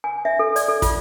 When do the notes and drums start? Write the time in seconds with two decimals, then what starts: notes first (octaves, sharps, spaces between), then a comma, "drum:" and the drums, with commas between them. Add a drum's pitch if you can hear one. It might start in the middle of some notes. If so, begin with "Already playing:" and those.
0.04 G#5
0.25 E5
0.39 A4
0.56 D5, drum: hi-hat
0.68 A4
0.82 F4, drum: kick, hi-hat